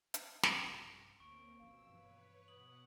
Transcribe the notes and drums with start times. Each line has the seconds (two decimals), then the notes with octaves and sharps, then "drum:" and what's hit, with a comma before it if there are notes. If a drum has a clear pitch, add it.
0.14 drum: hi-hat
0.43 drum: snare
0.64 A#1 G2 C3
1.20 D2 A#3 C4 C#4 C#6 D7
1.59 G#1 B2 D#3 F3 F5 E6
1.89 G2 E3 F3 B4 C#5
2.48 B2 F#5 D#6 F#7